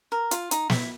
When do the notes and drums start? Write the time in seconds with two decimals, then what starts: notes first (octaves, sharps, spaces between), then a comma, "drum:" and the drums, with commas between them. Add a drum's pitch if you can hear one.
0.12 A#4
0.31 F4, drum: hi-hat
0.51 D#4, drum: hi-hat
0.70 E4, drum: snare